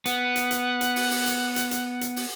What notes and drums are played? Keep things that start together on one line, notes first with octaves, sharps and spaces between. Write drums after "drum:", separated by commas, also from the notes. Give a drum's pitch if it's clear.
B3 F#5, drum: hi-hat
drum: hi-hat
drum: hi-hat
drum: hi-hat
drum: open hi-hat
drum: open hi-hat
drum: hi-hat
drum: hi-hat
drum: hi-hat
drum: hi-hat
drum: open hi-hat